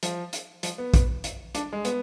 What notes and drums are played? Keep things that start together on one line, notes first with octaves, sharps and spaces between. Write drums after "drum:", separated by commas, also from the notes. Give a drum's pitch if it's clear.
F3, drum: hi-hat
drum: hi-hat
F3, drum: hi-hat
B3
drum: kick, hi-hat
drum: hi-hat
D4, drum: hi-hat
G#3
B3, drum: hi-hat